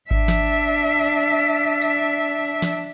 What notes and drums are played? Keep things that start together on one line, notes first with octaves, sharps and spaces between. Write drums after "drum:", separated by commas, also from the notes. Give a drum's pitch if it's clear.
D4 E5, drum: kick G#1
drum: snare
drum: tambourine
drum: snare